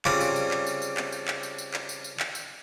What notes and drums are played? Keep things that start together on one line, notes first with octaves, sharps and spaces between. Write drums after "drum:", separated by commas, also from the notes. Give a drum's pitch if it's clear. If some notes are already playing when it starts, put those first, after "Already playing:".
C#3 G3 C4 D4 F4 D#6, drum: clap
drum: tambourine
drum: tambourine
drum: clap
drum: tambourine
drum: tambourine
drum: clap
drum: tambourine
drum: clap
drum: tambourine
drum: tambourine
drum: clap
drum: tambourine
drum: tambourine
drum: clap
drum: tambourine